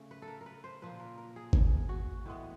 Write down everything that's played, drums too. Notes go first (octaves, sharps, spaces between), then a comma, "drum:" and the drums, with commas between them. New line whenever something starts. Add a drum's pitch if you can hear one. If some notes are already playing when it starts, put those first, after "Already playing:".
Already playing: C#3 A3
B4
A4
A#4
A#4
B4
C5
A#2 F3 A#3 B4
A#4
A#4
G#4
drum: kick G#1
F#4
A2 E3 G#3 B3